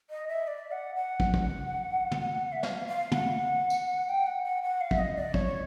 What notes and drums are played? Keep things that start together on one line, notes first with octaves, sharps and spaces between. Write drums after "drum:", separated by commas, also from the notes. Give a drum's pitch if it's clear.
D#5
E5
D5
F#5
F#5
drum: kick
drum: kick
drum: tom
E5
F5, drum: snare
F5
F#5, drum: tom
drum: tambourine
G5
F#5
F#5
F#5
F5
E5, drum: kick
D#5
D5
C#5, drum: kick